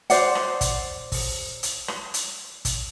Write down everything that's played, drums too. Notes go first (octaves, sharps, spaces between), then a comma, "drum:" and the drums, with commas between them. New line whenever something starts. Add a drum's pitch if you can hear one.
C5 D5 F#5, drum: hi-hat
drum: rim click
drum: kick, hi-hat
drum: kick, open hi-hat
drum: hi-hat
drum: rim click
drum: hi-hat
drum: kick, hi-hat